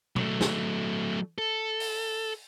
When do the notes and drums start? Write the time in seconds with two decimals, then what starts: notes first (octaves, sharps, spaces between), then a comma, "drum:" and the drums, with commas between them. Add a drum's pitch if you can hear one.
0.16 F#3 A3, drum: tom B2
0.41 drum: snare
1.38 A4
1.80 drum: open hi-hat